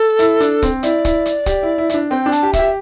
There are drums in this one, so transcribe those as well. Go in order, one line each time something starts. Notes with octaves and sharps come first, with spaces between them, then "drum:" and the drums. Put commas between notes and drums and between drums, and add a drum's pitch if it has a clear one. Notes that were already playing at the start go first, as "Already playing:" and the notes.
Already playing: A4
E4, drum: hi-hat
D4, drum: hi-hat
C4, drum: kick, hi-hat
E4 D5, drum: hi-hat
E4, drum: kick, hi-hat
drum: hi-hat
G4, drum: kick, hi-hat
E4
E4
E4, drum: hi-hat
D4
C4 G5
D4
A5, drum: hi-hat
G4
E5, drum: kick, hi-hat
G4